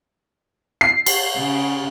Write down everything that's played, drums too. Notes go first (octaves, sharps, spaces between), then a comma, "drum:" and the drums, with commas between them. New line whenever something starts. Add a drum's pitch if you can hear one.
C7
drum: cymbal
C#3